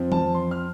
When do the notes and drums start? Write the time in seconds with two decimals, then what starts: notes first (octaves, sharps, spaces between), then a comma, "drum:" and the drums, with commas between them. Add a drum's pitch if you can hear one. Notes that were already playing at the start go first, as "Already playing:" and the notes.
Already playing: F2 F3 C4
0.12 A5, drum: tom E3
0.34 C6
0.51 F6